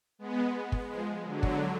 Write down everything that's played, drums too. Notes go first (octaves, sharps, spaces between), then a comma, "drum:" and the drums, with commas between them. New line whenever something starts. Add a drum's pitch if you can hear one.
G#3 B3
drum: kick
F3 G#3
D3 F#3
drum: kick